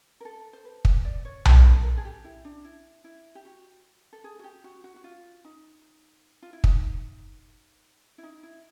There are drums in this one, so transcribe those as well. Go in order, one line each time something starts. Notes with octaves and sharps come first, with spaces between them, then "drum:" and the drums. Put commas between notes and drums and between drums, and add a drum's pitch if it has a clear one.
A#4
A4
C5
B4
drum: kick
D5
C#5
D5, drum: tom B1
A4
A#4
A4
G#4
G4
E4
D4
E4
E4
G4
F#4
A4
G#4
F#4
G4
F#4
F#4
F#4
F4
D#4
F4
E4
D#4, drum: kick
E4
D#4
E4